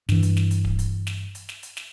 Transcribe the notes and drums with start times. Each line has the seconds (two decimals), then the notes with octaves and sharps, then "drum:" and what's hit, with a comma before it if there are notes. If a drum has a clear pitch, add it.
0.09 G2 E3, drum: snare
0.23 drum: hi-hat
0.37 drum: snare
0.51 drum: hi-hat
0.65 drum: kick D1
0.79 drum: hi-hat
1.07 drum: snare
1.35 drum: hi-hat
1.49 drum: snare
1.63 drum: hi-hat
1.77 drum: snare